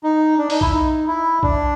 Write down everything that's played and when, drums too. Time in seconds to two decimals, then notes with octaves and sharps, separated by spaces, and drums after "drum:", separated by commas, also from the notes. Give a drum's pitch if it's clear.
0.03 D#4
0.38 D4
0.50 D#4, drum: open hi-hat
0.61 E4, drum: kick A#1
0.73 D#4
1.07 E4
1.43 D4, drum: kick A#1